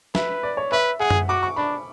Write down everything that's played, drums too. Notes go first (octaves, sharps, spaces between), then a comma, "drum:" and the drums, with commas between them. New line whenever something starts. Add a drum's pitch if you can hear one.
B4 E5, drum: snare
D5
C#5
B4 E5
G#4 F#5
drum: tom F#2
F#4 D6
C#6
D4 B5